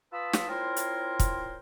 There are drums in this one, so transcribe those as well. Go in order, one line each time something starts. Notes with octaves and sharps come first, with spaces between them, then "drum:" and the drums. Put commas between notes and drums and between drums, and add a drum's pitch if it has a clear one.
F4 B4 A5 B5 D#6 E6
drum: snare
C4 E4 F4 A#4 C5 C#5
drum: hi-hat
drum: kick, hi-hat